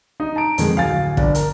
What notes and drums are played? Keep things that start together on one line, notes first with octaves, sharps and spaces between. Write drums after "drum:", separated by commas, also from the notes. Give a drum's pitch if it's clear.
D#4
A5 A#5 D7
F2 D#3 G#3, drum: hi-hat
D1 F5 G#5 A6
G1 D4, drum: kick
A#4, drum: hi-hat